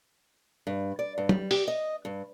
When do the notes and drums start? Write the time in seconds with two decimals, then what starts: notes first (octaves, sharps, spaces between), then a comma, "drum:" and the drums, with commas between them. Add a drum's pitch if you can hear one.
0.67 G2
0.99 D5
1.18 G2
1.29 G3, drum: tom F#3
1.51 G4, drum: open hi-hat
1.68 D#5
2.05 G2